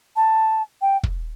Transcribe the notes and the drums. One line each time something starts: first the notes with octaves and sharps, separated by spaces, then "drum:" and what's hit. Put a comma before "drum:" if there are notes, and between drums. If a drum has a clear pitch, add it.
A5
G5
drum: kick